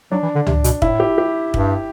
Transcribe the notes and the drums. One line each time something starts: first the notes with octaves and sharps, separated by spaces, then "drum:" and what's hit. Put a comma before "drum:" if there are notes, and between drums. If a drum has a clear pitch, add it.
F#3 D4
E3
D3
C3, drum: tom C#2
B2, drum: hi-hat
A2 E4, drum: kick
G4
G4
G2, drum: kick